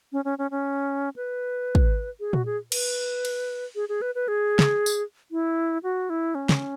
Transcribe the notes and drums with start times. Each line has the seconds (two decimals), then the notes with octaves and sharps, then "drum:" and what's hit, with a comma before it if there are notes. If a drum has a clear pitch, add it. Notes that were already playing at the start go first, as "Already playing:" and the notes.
0.12 C#4
0.25 C#4
0.38 C#4
0.51 C#4
1.16 B4
1.75 drum: kick
2.20 G#4
2.33 F#4, drum: tom A#2
2.46 G#4
2.72 B4, drum: cymbal
3.25 drum: cymbal
3.75 G#4
3.89 G#4
4.02 B4
4.15 B4
4.28 G#4
4.59 drum: snare
4.86 drum: tambourine
5.31 E4
5.83 F#4
6.10 E4
6.35 C#4
6.49 drum: snare